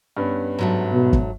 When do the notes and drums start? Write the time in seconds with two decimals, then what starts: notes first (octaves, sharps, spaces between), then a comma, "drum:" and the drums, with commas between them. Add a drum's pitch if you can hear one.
0.17 G2 B3 C#4
0.59 G#2 F#3 A3
0.93 B2
1.13 drum: kick